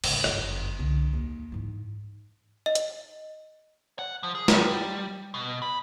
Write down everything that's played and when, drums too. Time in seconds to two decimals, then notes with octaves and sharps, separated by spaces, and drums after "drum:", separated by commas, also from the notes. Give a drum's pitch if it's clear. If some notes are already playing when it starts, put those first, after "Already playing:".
0.04 G#2 C#3, drum: cymbal
0.24 G1 F#2, drum: rim click
0.79 C2 D3
1.13 D#2
1.52 G#2 E3
2.66 D#5
2.75 drum: hi-hat
3.99 F#5
4.23 F3
4.35 G#4
4.48 G3, drum: snare
5.34 B2
5.62 B5